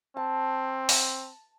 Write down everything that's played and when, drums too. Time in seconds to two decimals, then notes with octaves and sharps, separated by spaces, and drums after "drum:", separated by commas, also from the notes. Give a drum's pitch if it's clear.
0.17 C4 A5
0.89 drum: open hi-hat